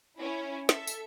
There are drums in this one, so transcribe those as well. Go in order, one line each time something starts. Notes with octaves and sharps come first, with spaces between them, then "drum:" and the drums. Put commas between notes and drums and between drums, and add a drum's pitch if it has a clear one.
C#4 E4
A4 E5, drum: snare
drum: tambourine